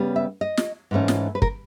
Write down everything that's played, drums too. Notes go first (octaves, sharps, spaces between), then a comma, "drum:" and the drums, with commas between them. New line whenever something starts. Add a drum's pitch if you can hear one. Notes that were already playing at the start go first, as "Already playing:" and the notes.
Already playing: C#3 G3 B3
E5
D#5
drum: snare
G#2 E3 A3 C#4
drum: snare
B4
A#4, drum: kick